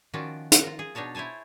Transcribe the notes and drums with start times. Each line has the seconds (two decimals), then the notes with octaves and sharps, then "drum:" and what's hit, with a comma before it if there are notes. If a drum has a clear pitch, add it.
0.14 D#3 F3 C#4 F4 F#4 D5
0.52 drum: hi-hat
0.64 F4 A#4
0.79 G#4
0.95 B2 D4 D#4 C#5 A5
1.15 E4 C5 C#5 G#5 A5